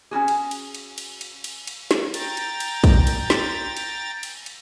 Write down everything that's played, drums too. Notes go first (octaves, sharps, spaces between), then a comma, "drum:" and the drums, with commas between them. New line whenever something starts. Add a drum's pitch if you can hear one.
C#4 E4 F#4 G#4
drum: cymbal
drum: cymbal
drum: cymbal
drum: cymbal
drum: cymbal
drum: cymbal
drum: cymbal
drum: snare
G5 A#5 A6, drum: cymbal
drum: cymbal
drum: cymbal
drum: kick, cymbal
drum: cymbal
drum: snare
drum: cymbal
drum: cymbal
drum: cymbal